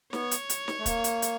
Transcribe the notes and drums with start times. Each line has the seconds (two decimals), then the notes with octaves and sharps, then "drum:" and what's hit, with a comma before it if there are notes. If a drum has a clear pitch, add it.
0.13 B3 C#5, drum: snare
0.31 drum: hi-hat
0.50 drum: hi-hat
0.68 drum: snare
0.79 A3
0.86 A#3, drum: kick, hi-hat
1.04 drum: hi-hat
1.22 drum: hi-hat